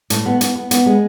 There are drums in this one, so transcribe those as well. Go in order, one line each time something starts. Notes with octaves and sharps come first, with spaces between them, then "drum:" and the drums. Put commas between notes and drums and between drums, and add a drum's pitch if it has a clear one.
A2, drum: hi-hat
B3
B3, drum: hi-hat
B3
B3, drum: hi-hat
G#3